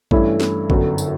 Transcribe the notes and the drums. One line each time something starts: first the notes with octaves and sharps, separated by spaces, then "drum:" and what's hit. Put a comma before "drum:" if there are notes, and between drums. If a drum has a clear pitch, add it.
G2 E3 A3 C#4 E4, drum: kick A1
drum: snare
G1 F#2 D3, drum: kick A1
drum: tambourine